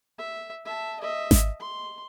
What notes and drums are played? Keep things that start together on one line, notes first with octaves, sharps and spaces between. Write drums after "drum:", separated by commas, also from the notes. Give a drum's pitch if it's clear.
E5
E5 A5
D#5 E5
drum: snare G#1
C6